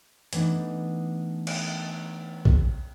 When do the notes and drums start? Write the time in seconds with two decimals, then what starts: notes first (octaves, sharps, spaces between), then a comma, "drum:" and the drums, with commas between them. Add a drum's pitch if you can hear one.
0.33 E3 A3 B3 D4 D#4, drum: hi-hat
1.47 drum: cymbal
2.45 drum: kick A#1